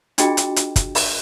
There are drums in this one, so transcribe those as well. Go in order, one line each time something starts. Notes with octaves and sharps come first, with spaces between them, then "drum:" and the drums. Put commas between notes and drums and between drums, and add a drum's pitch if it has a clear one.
D4 F4 F#4 G#4 D#5 G5, drum: hi-hat
drum: hi-hat
drum: hi-hat
drum: kick, hi-hat
drum: open hi-hat